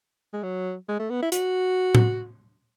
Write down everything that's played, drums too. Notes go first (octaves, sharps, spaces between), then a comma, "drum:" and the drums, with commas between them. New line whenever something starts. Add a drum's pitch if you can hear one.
G#3
F#3
G#3
A3
B3
E4
F#4, drum: hi-hat
drum: tom A2